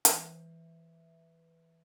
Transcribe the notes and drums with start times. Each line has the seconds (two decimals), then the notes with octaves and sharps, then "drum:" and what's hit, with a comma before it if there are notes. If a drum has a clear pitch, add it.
0.05 E3 B4 E5, drum: hi-hat